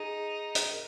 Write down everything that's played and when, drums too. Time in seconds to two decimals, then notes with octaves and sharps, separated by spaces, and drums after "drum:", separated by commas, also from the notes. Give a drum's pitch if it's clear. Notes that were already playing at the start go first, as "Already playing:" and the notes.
Already playing: D#4 G#4
0.55 drum: hi-hat
0.71 A#4